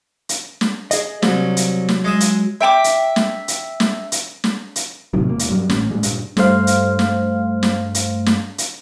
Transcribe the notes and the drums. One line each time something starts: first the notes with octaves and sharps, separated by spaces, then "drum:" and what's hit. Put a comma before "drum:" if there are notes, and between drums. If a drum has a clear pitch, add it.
drum: hi-hat
drum: snare
G#4 D#5, drum: hi-hat
C2 F#3, drum: snare
drum: hi-hat
drum: snare
G#3 D#5 E5
drum: hi-hat
E5 G5 A5 D6
drum: hi-hat
drum: snare
drum: hi-hat
drum: snare
drum: hi-hat
drum: snare
drum: hi-hat
A2 C3 D#3 F#3
E1 A#3
drum: hi-hat
G2 F#3 G3
A1 A2 E3 C#4, drum: snare
A2 G3 G#3
G2 A#2, drum: hi-hat
G2 A3 C5 F5, drum: snare
drum: hi-hat
drum: snare
drum: snare
drum: hi-hat
drum: snare
drum: hi-hat